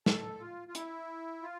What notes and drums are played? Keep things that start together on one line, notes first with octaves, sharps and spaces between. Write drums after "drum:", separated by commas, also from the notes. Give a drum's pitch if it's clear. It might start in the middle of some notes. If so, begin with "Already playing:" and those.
A4, drum: snare
F4
F4
E4, drum: hi-hat
F4